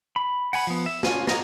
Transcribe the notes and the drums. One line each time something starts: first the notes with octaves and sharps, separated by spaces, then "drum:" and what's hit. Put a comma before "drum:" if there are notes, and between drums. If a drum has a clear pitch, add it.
B5
F#5 G#5 B5, drum: open hi-hat
F3 B3
E5
C#4 F4 G#5, drum: snare
G#4 A#4 D#5 A#5, drum: snare